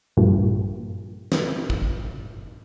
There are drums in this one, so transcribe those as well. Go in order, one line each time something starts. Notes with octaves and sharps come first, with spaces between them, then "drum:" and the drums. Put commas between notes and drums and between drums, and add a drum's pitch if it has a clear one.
A#1 G2
drum: snare
drum: kick